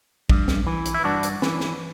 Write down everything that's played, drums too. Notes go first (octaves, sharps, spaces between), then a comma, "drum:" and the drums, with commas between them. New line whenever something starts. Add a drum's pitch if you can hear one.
G2, drum: kick
drum: snare
E3
drum: hi-hat
E4
G2 D4 F#4
drum: hi-hat
E3, drum: snare
drum: snare